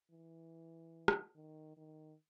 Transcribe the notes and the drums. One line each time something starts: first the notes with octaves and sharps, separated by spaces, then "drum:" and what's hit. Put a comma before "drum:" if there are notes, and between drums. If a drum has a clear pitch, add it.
E3
drum: rim click
D#3
D#3